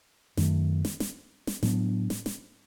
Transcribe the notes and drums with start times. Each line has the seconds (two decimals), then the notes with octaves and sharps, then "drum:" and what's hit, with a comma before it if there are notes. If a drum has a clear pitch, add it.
0.37 F#2 D#3 F#3 A3, drum: snare
0.85 drum: snare
1.00 drum: snare
1.47 drum: snare
1.63 A2 F#3 B3 D4, drum: snare
2.10 drum: snare
2.26 drum: snare